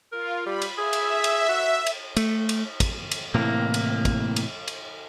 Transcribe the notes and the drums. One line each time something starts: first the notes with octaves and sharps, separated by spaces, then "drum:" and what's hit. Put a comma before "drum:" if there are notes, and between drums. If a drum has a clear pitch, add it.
F4 A#4
G3 B5
drum: cymbal
G#4 E5
drum: cymbal
drum: cymbal
F#4
drum: cymbal
A3, drum: cymbal
drum: cymbal
drum: kick, cymbal
drum: cymbal
A2 C3 E3 A#3
drum: cymbal
drum: kick, cymbal
drum: cymbal
drum: cymbal